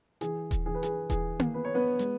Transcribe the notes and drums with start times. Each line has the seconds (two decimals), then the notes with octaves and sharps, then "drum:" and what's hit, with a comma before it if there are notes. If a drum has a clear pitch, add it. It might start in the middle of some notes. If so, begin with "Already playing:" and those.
0.21 E3 G#4, drum: hi-hat
0.51 drum: kick D#1, hi-hat
0.66 E3 G#4
0.74 B4
0.83 G#4, drum: hi-hat
1.10 E3 G#4, drum: kick D#1, hi-hat
1.39 drum: tom A#3
1.54 B3 B4
1.65 C#5
1.74 B3 B4
1.99 G#3, drum: hi-hat